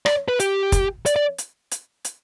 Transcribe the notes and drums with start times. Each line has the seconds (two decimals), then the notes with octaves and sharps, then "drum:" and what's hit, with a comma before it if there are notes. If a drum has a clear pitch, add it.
0.06 D5, drum: rim click
0.28 B4
0.40 G4, drum: hi-hat
0.72 drum: kick, hi-hat
1.06 D5, drum: hi-hat
1.16 D5
1.38 drum: hi-hat
1.72 drum: hi-hat
2.05 drum: hi-hat